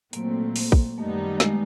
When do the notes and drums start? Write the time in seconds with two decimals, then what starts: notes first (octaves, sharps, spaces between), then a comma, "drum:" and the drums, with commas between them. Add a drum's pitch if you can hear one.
0.13 A#2 F#3 A3 A#3 C4, drum: hi-hat
0.56 A#3, drum: open hi-hat
0.72 drum: kick
0.98 F#2 D#3 G3 A3 B3 D#4
1.40 G#3, drum: snare